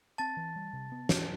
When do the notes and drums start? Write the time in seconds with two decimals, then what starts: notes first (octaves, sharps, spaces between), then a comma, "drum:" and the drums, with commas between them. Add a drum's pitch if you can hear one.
0.18 C4 A5 A6
0.37 E3
0.56 G3
0.73 C3
0.92 B3
1.09 E3, drum: snare